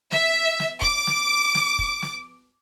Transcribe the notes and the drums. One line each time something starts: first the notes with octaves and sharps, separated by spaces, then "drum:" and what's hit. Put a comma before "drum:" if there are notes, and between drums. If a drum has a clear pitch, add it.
E5, drum: snare
drum: snare
D6, drum: kick
drum: snare
drum: snare
drum: kick
drum: snare